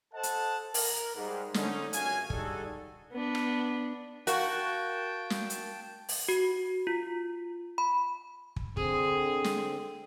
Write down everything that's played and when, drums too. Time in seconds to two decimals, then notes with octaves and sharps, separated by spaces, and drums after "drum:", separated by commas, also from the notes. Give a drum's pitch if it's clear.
0.14 A4 C5 D#5 F#5 A5
0.23 drum: hi-hat
0.74 A#4, drum: open hi-hat
1.16 G#2 G3 G#3
1.54 D3 C#4 D#4, drum: snare
1.93 C#2 F#2 C#4 F#4 F5 G#5, drum: hi-hat
2.30 D3 G3 D#4 F#4 G#4 A4, drum: kick
3.12 B3 D4
3.35 drum: rim click
4.27 F#4 A#4 F5 G5 A5, drum: hi-hat
5.30 drum: snare
5.50 drum: hi-hat
6.09 drum: open hi-hat
6.28 F#4
6.87 F4
7.78 B5
8.56 drum: kick
8.77 D3 C4 G#4, drum: kick
9.44 drum: snare